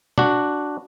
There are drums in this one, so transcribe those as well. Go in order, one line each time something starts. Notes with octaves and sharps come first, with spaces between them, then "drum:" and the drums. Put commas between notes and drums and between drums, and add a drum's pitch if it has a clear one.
D4 F#4, drum: tom